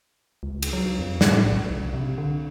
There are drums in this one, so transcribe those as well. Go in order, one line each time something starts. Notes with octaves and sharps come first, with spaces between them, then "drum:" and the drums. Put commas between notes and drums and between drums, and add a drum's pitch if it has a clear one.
C#2
drum: cymbal
F#3
F2
A2, drum: snare
B1
C2
C3
D3